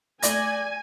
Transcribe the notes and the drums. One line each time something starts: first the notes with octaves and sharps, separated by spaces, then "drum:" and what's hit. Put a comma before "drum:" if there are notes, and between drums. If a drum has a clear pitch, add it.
A3 D5 G#5 A#6, drum: hi-hat